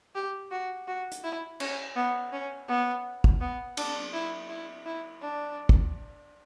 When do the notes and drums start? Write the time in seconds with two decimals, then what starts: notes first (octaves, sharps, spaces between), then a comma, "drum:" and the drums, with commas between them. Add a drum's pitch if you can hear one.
0.15 G4
0.51 F#4
0.87 F#4
1.12 drum: hi-hat
1.24 E4
1.60 C#4, drum: cymbal
1.96 B3
2.33 C#4
2.68 B3
3.24 drum: kick
3.41 B3
3.77 D4, drum: cymbal
4.13 E4
4.49 E4
4.86 E4
5.21 D4
5.69 drum: kick